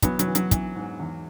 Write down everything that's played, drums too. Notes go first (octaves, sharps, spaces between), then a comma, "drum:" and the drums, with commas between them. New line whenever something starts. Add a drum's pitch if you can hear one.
E3 F#3 B3, drum: kick, hi-hat
F#3, drum: hi-hat
E3
F#3, drum: hi-hat
E3, drum: kick, hi-hat
G#2
E2